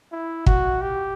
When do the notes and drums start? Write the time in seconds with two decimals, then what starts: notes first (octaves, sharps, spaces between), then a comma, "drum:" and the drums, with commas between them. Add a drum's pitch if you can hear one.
0.12 E4
0.46 F#4, drum: kick
0.82 G4